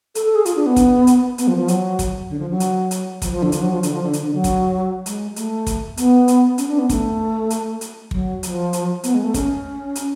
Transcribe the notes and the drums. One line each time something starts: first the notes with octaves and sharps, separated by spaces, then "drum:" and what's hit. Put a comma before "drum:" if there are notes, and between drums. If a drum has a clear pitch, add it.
A4, drum: hi-hat
A4
G#4
F4, drum: hi-hat
D4
B3
drum: kick, hi-hat
drum: hi-hat
B3, drum: hi-hat
F3
F3
F#3, drum: hi-hat
drum: kick, hi-hat
D3
F3
F#3
drum: hi-hat
drum: hi-hat
F3, drum: kick, hi-hat
F3
D3
F3, drum: hi-hat
F#3
F3
D3, drum: hi-hat
F3
D3
drum: hi-hat
D3
F#3
drum: kick, hi-hat
G#3, drum: hi-hat
A3, drum: hi-hat
drum: kick, hi-hat
B3, drum: hi-hat
drum: hi-hat
C#4, drum: hi-hat
D4
B3
A3, drum: kick, hi-hat
drum: hi-hat
drum: hi-hat
F#3, drum: kick
F3, drum: hi-hat
drum: hi-hat
B3, drum: hi-hat
G#3
A3
C#4, drum: kick, hi-hat
drum: hi-hat